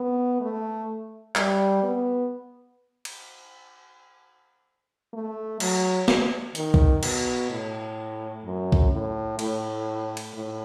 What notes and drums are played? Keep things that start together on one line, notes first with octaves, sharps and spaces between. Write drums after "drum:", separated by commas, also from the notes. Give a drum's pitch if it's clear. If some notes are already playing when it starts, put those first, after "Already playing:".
Already playing: B3
A3
G3, drum: clap
B3
drum: cymbal
A3
F#3, drum: cymbal
drum: snare
D#3, drum: hi-hat
drum: kick B1
B2, drum: cymbal
A2
F#2
drum: kick B1
A2
A2, drum: cymbal
drum: cymbal
A2